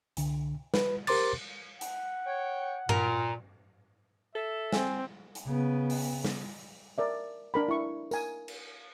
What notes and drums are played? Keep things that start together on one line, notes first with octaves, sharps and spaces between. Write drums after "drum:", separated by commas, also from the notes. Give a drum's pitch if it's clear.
C2 D3, drum: hi-hat
B4, drum: snare
G4 A#4 C5 C6 D6 A6, drum: cymbal
F#5, drum: hi-hat
C#5 G5
A#2 A#4, drum: tom G2
A4 E5
C4 G#5, drum: snare
drum: hi-hat
C#3 B3
drum: open hi-hat
drum: snare
A#4 D5 E5
D4 A#4 B5
E4 C#6
A#4 G#5, drum: tambourine
drum: cymbal